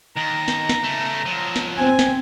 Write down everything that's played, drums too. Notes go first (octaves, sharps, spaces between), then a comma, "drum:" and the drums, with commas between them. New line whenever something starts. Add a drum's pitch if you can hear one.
D#2 A#5
drum: snare
drum: snare
C#3 A3
F3 F#3
drum: snare
C4 G#5
drum: snare